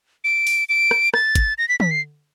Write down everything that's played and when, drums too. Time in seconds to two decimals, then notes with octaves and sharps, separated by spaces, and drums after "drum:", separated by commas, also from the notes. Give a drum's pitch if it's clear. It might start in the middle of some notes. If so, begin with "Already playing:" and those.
0.24 D7
0.47 drum: open hi-hat
0.69 D7
0.91 drum: rim click
1.14 A6, drum: rim click
1.35 drum: kick, hi-hat
1.58 A#6
1.69 B6
1.80 B6, drum: tom
1.91 C7